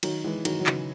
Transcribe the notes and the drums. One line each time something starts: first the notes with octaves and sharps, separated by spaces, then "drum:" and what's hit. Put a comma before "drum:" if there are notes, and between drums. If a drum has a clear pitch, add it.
D#3 F#3, drum: cymbal
E3 G#3
D#3 F#3, drum: cymbal
F#3
C#3 E3, drum: clap